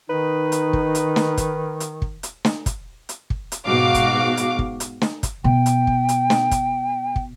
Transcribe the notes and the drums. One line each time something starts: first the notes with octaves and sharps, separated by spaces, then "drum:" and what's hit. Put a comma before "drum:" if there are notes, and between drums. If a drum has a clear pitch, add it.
D#3 D#4 B4
drum: hi-hat
drum: kick
drum: hi-hat
drum: snare
drum: kick, hi-hat
drum: hi-hat
drum: kick
drum: hi-hat
drum: snare
drum: kick, hi-hat
drum: hi-hat
drum: kick
drum: hi-hat
G#2 B2 F#4 F5 D6
drum: kick, hi-hat
drum: hi-hat
drum: kick
drum: hi-hat
drum: snare
drum: kick, hi-hat
B2 G5
drum: hi-hat
drum: kick
drum: hi-hat
drum: snare
drum: kick, hi-hat
drum: kick